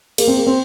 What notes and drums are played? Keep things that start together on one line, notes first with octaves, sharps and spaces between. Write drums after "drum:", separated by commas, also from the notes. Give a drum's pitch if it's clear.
A#3, drum: cymbal
C4
A#3
C4